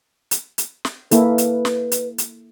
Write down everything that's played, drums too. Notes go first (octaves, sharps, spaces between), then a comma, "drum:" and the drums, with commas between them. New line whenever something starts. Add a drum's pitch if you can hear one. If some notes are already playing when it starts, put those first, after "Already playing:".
drum: hi-hat
drum: hi-hat
drum: snare
A#3 E4 A4 B4, drum: hi-hat
drum: hi-hat
drum: snare
drum: hi-hat
drum: hi-hat